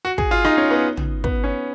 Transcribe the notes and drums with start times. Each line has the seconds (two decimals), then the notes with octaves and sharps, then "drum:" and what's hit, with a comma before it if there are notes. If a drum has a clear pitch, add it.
0.05 F#4
0.18 G#4, drum: kick
0.31 F4
0.45 D#4, drum: rim click
0.58 C#4
0.71 B3
0.97 drum: tom
1.24 B3, drum: kick
1.44 C#4